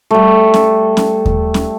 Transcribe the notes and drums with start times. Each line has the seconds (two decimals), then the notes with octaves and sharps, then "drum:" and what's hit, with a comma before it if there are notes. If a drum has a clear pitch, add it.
0.11 G3 A3
0.54 drum: snare C#4
0.97 drum: snare C#4
1.26 drum: kick D#2
1.54 drum: snare C#4